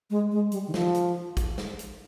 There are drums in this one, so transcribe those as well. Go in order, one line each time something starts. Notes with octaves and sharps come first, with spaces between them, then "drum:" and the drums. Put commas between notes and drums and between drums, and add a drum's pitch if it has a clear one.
G#3
G#3
G3, drum: hi-hat
D#3
F3, drum: snare
drum: hi-hat
drum: kick, hi-hat
drum: snare
drum: hi-hat